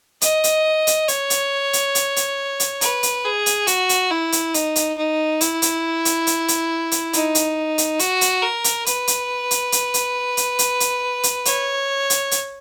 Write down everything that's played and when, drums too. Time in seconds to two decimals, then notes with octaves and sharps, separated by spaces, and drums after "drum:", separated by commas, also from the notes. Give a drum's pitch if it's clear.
0.21 D#5, drum: hi-hat
0.44 drum: hi-hat
0.87 drum: hi-hat
1.08 C#5, drum: hi-hat
1.30 drum: hi-hat
1.73 drum: hi-hat
1.95 drum: hi-hat
2.16 drum: hi-hat
2.60 drum: hi-hat
2.81 B4, drum: hi-hat
3.03 drum: hi-hat
3.25 G#4
3.46 drum: hi-hat
3.67 F#4, drum: hi-hat
3.89 drum: hi-hat
4.11 E4
4.32 drum: hi-hat
4.54 D#4, drum: hi-hat
4.76 drum: hi-hat
4.97 D#4
5.41 E4, drum: hi-hat
5.62 drum: hi-hat
6.05 drum: hi-hat
6.27 drum: hi-hat
6.48 drum: hi-hat
6.92 drum: hi-hat
7.13 D#4, drum: hi-hat
7.35 drum: hi-hat
7.78 drum: hi-hat
7.99 F#4, drum: hi-hat
8.21 drum: hi-hat
8.42 A#4
8.64 drum: hi-hat
8.86 B4, drum: hi-hat
9.07 drum: hi-hat
9.51 drum: hi-hat
9.72 drum: hi-hat
9.94 drum: hi-hat
10.37 drum: hi-hat
10.59 drum: hi-hat
10.80 drum: hi-hat
11.23 drum: hi-hat
11.45 C#5, drum: hi-hat
12.10 drum: hi-hat
12.31 drum: hi-hat